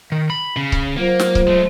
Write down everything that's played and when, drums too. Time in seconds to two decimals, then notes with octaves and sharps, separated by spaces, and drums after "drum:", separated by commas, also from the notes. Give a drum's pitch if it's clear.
0.12 D#3
0.30 B5
0.57 C#3
0.72 drum: kick C#1
0.97 F#3 A#3 F4 C5
1.19 drum: snare
1.35 drum: kick C#1
1.47 G#3 A3